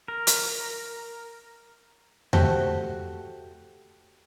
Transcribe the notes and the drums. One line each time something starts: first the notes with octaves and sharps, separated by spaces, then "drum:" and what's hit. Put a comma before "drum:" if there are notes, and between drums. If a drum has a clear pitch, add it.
A#4
drum: hi-hat
A3 F#4 G4 C5, drum: tom E2